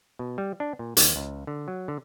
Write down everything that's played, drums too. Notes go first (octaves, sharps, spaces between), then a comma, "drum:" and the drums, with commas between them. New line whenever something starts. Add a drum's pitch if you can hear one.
B2
G3
D4
A#2
D#2, drum: hi-hat
C#2
D3
F#3
D3